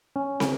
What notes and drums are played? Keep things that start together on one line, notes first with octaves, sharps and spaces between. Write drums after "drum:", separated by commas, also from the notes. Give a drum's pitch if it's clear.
C#4
drum: snare